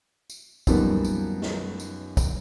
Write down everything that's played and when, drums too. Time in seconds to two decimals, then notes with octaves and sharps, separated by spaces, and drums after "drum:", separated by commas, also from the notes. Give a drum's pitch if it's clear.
0.30 drum: tambourine
0.67 F#2 D#3 F3 G3 A#3 B3, drum: kick, tambourine
1.05 drum: tambourine
1.42 drum: snare
1.80 drum: tambourine
2.17 drum: kick, tambourine